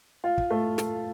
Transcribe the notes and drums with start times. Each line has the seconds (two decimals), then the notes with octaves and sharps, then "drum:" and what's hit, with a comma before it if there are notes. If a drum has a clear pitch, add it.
0.24 F4
0.38 drum: kick
0.50 A3
0.78 A3, drum: snare